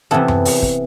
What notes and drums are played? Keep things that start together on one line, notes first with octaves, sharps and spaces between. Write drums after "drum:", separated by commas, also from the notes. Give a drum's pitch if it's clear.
C3 E3 B3 E4 A4
drum: tom F#2
drum: open hi-hat
drum: kick